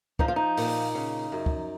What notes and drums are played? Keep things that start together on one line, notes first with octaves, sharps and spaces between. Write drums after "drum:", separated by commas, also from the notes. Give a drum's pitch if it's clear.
F3 D#4, drum: kick
F4
D#4
A#2, drum: open hi-hat
C#3
F#2
drum: kick